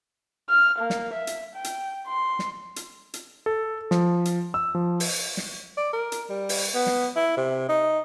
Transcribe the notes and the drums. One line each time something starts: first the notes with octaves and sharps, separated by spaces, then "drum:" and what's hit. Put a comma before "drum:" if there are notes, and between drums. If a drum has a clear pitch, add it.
F6
A#3
drum: snare
E5
drum: hi-hat
G5
drum: hi-hat
C6
drum: snare
drum: hi-hat
drum: hi-hat
A4
F3, drum: snare
drum: hi-hat
E6
F3
drum: open hi-hat
drum: snare
D5
A#4
drum: hi-hat
G3
drum: open hi-hat
B3
drum: snare
E4
C3
D#4